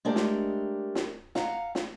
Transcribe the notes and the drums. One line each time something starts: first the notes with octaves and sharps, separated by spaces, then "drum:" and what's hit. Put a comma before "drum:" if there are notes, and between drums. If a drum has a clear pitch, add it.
G#3 A3 D4 G4 A#4
drum: snare
drum: snare
F5 F#5 A#5, drum: snare
drum: snare